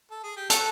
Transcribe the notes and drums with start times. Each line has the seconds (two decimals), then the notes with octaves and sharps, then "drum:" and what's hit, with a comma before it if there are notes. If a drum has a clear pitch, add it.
0.11 A4
0.24 G#4
0.37 G4
0.50 F#4 A4, drum: hi-hat